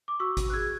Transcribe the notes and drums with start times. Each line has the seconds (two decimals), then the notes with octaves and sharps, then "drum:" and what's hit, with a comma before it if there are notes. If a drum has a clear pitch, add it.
0.08 D6
0.19 F#4 C#6 E6
0.37 F#4, drum: kick G#1, hi-hat
0.50 F#6
0.53 G#4 E6 G#6